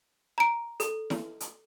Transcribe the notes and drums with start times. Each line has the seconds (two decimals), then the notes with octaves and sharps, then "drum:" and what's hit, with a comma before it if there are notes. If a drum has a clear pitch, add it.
0.38 A#5 D7
0.80 A4, drum: hi-hat
1.10 drum: snare E4
1.40 drum: hi-hat